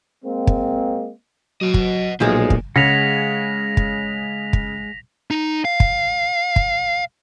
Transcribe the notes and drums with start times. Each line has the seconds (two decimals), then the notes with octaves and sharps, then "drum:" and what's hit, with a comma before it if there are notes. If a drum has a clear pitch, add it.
0.25 G#3 A#3 C4
0.47 drum: kick
1.61 F#3 D#5 F#5
1.74 drum: kick
2.20 B1 A#2 F3 G#3
2.50 drum: kick
2.76 C#3 G#3 C#5 F#5 A#6 B6 F7
3.77 drum: kick
4.53 drum: kick
5.31 D#4
5.65 F5
5.80 drum: kick
6.56 drum: kick